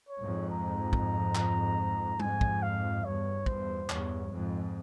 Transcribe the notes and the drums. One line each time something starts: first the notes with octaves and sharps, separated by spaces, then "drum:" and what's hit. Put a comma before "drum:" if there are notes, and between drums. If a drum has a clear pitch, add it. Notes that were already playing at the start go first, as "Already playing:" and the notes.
C#5
F2 G#2
A#5
drum: kick
drum: clap
F2 G#2 G#5, drum: tom G3
drum: kick
F5
E2 G2 C#5
E2 G2 C5, drum: kick
E2 G2 C#5, drum: clap
F2 G#2